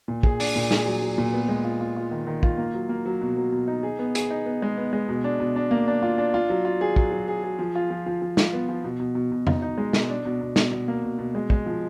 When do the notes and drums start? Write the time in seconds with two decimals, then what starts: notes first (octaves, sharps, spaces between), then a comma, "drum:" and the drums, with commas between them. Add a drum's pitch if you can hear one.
0.08 A#2
0.23 G#4, drum: kick
0.40 D4, drum: open hi-hat
0.56 A#2
0.71 G#4, drum: snare
0.86 F#3
1.02 F#3
1.18 A#2
1.33 B3
1.49 G#3
1.64 F4
1.81 F4
1.96 F4
2.11 D#3
2.27 D#3
2.43 F4, drum: kick
2.58 A#3
2.74 F#3
2.89 A#3
3.05 F#3
3.21 B2
3.37 F#3
3.52 B2
3.68 D#4
3.83 G#4
3.99 B3
4.15 G#4, drum: hi-hat
4.31 D#4
4.46 B3
4.62 G#3
4.78 B3
4.93 G#3
5.09 B2
5.24 D4
5.40 B2
5.56 D4
5.71 A#3
5.88 D4
6.02 F4
6.18 D4
6.34 F4
6.50 F#3
6.65 F4
6.81 G#4
6.96 F#3, drum: kick
7.12 F#3
7.28 G#4
7.44 G#4
7.59 F3
7.75 F4
7.90 F3
8.06 F3
8.22 F3
8.37 F4, drum: snare
8.53 B3
8.69 F3
8.84 B2
9.00 B2
9.15 B2
9.32 B2
9.47 D#4, drum: tom F2
9.62 D#4
9.78 G#3
9.93 B2, drum: snare
10.10 D4
10.25 B2
10.41 B2
10.56 B2, drum: snare
10.71 B2
10.88 A#3
11.03 B2
11.19 B2
11.35 G#3
11.50 G#3, drum: kick
11.66 F3